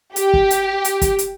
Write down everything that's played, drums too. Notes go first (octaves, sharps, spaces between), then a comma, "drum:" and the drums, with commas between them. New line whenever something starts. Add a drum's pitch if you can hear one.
G4, drum: hi-hat
drum: kick
drum: hi-hat
drum: hi-hat
drum: kick, hi-hat
drum: hi-hat